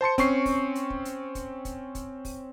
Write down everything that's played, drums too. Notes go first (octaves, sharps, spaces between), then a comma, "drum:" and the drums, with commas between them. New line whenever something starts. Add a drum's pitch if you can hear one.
C5 A5 C6 C#7
C4 C#4 C#6 C7, drum: kick, hi-hat
drum: kick, open hi-hat
drum: hi-hat
drum: kick
drum: hi-hat
drum: kick, hi-hat
drum: kick, hi-hat
drum: kick, hi-hat
drum: kick, open hi-hat